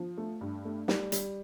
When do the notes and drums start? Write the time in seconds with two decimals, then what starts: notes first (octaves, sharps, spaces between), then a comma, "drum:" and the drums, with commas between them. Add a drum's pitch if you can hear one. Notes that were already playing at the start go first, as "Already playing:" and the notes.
Already playing: F3
0.18 A3
0.41 G2
0.65 A3
0.88 G3, drum: snare
1.12 G3, drum: hi-hat